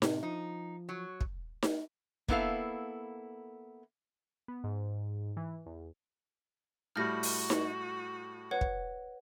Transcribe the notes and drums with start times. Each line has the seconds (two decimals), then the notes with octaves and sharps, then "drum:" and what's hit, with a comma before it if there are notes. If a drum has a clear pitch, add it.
0.02 A2 C3, drum: snare D#4
0.23 F3 D#4
0.89 F#3
1.21 drum: kick
1.63 drum: snare D#4
2.28 A#3 B3 E4 A4 F5, drum: kick
4.48 B3
4.64 G#2
5.37 E3
5.66 E2
6.96 A2 G3 F#4 F6 A#6
7.23 drum: open hi-hat
7.50 drum: snare D#4
8.51 B4 C#5 F#5
8.61 drum: kick